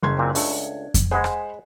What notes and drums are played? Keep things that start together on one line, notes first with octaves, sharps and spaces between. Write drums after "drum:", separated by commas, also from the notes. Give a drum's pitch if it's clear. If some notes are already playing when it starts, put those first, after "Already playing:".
F#1 C6 G#6
A#2 C4
C#2 A3 D4, drum: open hi-hat
drum: kick F2, hi-hat
G#3 G#4 C5 F#5 B5
drum: rim click